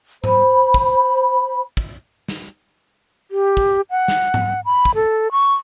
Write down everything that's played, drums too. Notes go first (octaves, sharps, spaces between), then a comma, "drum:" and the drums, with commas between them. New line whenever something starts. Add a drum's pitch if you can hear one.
C5 B5, drum: tom G#2
drum: kick
drum: kick
drum: snare
G4
drum: kick
F#5
drum: snare
drum: tom G#2
B5
drum: kick
A4
C#6